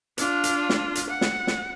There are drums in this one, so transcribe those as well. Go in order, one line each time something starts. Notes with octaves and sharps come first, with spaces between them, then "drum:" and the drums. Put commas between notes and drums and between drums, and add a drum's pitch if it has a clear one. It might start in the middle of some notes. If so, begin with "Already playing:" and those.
D4 F4, drum: hi-hat
drum: hi-hat
drum: snare
drum: hi-hat
F#5
drum: snare
drum: snare